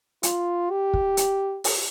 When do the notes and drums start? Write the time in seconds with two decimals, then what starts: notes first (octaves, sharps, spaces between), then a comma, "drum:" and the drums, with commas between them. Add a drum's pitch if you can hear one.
0.23 F4, drum: hi-hat
0.71 G4
0.94 drum: kick
1.17 drum: hi-hat
1.64 drum: open hi-hat